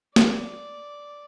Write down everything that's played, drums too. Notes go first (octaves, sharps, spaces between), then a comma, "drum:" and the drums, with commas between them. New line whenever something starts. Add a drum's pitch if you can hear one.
D5, drum: snare